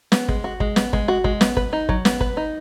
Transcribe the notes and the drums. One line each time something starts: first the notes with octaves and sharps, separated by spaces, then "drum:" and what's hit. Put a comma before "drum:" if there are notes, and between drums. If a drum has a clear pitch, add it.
B3, drum: snare
G#3, drum: kick
F#4
G#3, drum: kick
B3, drum: snare
G#3, drum: kick
F#4
G#3, drum: kick
B3, drum: snare
B4, drum: kick
D#4
F#3, drum: kick
B3, drum: snare
B4, drum: kick
D#4